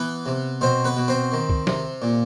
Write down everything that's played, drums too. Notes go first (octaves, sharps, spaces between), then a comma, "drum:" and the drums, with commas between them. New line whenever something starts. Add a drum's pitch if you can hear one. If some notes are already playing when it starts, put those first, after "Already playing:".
Already playing: E3 B3 B4
C3
B2 C4 C5
B3 B4
B2
C4 C5
D#3
drum: kick
C3, drum: snare
A#2